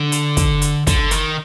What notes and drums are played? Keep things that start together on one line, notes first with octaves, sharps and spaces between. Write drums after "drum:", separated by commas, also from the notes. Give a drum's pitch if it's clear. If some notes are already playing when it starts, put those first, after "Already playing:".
Already playing: D3
drum: hi-hat
drum: kick, hi-hat
drum: hi-hat
D3, drum: kick, hi-hat
D#3, drum: hi-hat